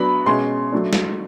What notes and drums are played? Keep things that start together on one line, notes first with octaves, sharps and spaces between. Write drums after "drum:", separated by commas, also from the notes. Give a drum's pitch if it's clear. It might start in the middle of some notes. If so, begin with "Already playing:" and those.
Already playing: F#3 B3 D4 B5
B2 G#3 C#4 C6
F#3 A3 D4
drum: snare